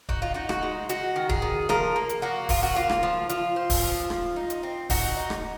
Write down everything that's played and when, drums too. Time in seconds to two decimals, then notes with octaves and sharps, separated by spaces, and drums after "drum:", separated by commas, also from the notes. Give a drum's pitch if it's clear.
0.09 D#4 F#4, drum: kick
0.22 F4
0.34 D#4 F#4
0.49 F#4, drum: rim click
0.63 G#3
0.89 D#4 F#4, drum: hi-hat
1.16 D#3
1.29 G#4, drum: kick
1.42 D#3
1.69 F3 A#4, drum: rim click
1.96 A#3
2.09 drum: hi-hat
2.22 A#3 F#4
2.49 F3 F4, drum: kick, open hi-hat
2.63 F#4
2.76 A#3 F4
2.90 drum: rim click
3.03 F3
3.29 F3 F4, drum: hi-hat
3.56 C4
3.70 drum: kick, open hi-hat
3.83 F3
4.10 F3, drum: rim click
4.36 D#4
4.50 drum: hi-hat
4.63 C4
4.90 D#4 F#4, drum: kick, open hi-hat
5.17 D#4
5.30 drum: rim click